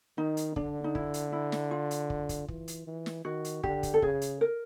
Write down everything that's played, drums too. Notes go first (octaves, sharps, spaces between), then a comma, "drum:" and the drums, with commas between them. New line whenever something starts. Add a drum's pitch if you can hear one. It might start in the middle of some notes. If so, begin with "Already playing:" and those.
D#3 D#4
drum: hi-hat
D3 D4, drum: kick
D#4
E4, drum: kick
drum: hi-hat
E4
drum: snare
F4
drum: hi-hat
drum: kick
drum: kick, hi-hat
E3, drum: kick
drum: hi-hat
E3
drum: snare
D#3 F#4
drum: hi-hat
D3 G4, drum: kick
drum: kick, hi-hat
A4
C#3 G#4, drum: kick
drum: hi-hat
A#4